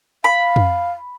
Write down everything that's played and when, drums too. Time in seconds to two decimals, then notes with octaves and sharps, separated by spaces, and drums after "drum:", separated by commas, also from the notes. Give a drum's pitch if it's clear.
0.24 F5 B5
0.56 drum: tom F2